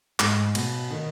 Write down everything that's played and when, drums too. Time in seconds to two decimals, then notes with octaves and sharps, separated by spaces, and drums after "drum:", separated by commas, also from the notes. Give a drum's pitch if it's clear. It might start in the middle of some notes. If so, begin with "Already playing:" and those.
0.20 G#2, drum: clap
0.55 B2, drum: cymbal
0.90 D#3